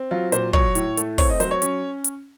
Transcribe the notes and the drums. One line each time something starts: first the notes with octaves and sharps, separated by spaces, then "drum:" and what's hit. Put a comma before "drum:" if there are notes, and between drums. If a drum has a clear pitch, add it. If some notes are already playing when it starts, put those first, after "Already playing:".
Already playing: C4
F#3 F4
A#2 C5, drum: hi-hat
F#3 C#5, drum: kick
A2, drum: hi-hat
A3, drum: hi-hat
C4 C#5, drum: kick, open hi-hat
D#5
F#3 C5, drum: hi-hat
C#5
C#4, drum: hi-hat
drum: hi-hat